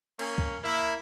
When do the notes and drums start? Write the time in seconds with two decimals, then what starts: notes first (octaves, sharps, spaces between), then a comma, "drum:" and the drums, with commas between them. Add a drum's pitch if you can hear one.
0.19 A#3 C#4, drum: cymbal
0.38 drum: kick
0.64 A#3 E4